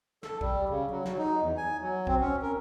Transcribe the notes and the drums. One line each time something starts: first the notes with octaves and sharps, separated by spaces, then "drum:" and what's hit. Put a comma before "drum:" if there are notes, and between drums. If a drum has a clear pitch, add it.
A4, drum: snare
G3, drum: kick A#1
C#3
F#3
F#3, drum: snare
D#4
E2
G#5
F#3
C4, drum: kick A#1
C#4
A#4